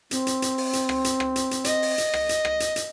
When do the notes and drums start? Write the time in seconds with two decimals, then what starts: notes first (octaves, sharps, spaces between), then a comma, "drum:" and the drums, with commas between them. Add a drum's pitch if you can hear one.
0.11 C4, drum: hi-hat
0.27 drum: hi-hat
0.42 drum: hi-hat
0.58 drum: open hi-hat
0.73 drum: hi-hat
0.89 drum: rim click
1.04 drum: hi-hat
1.20 drum: rim click
1.36 drum: hi-hat
1.51 drum: hi-hat
1.64 D#5, drum: hi-hat
1.82 drum: open hi-hat
1.98 drum: hi-hat
2.14 drum: rim click
2.29 drum: hi-hat
2.45 drum: rim click
2.60 drum: hi-hat
2.76 drum: hi-hat